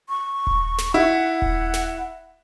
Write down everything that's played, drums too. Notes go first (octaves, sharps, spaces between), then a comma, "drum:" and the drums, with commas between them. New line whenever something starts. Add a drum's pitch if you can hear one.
C#6
drum: kick D#1
drum: snare
E4 F#5
drum: kick D#1
drum: snare